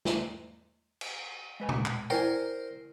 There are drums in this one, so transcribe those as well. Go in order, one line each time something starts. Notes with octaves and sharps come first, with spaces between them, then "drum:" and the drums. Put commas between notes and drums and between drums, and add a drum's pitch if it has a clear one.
drum: snare
drum: cymbal
G#3 B4 G#5
drum: tom A#2
drum: clap
E4 A#4 C5 D5 G5 G#5